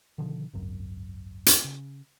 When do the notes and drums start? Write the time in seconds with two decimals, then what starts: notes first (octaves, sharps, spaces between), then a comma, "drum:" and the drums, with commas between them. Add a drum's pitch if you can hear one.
0.18 B2 D3 D#3 F3
0.54 G#1 C#2 F#2
1.46 drum: hi-hat
1.64 C#3